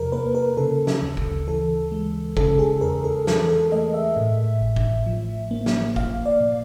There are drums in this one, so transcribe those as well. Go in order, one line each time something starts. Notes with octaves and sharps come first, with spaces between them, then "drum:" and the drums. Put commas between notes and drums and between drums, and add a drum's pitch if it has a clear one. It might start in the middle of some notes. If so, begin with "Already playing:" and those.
Already playing: E2 C3 F3 A#4
A#3 B4
A#4
C#3 A4
drum: snare
D2
drum: kick
E3 A4
G#3
C#3 A4, drum: kick
G#4
E2 A#4
A4
E3 A4, drum: snare
A4
A3 D#5
E5
A2
A1
drum: kick
F3
A#3
drum: snare
F3 F5, drum: kick
D5
A#2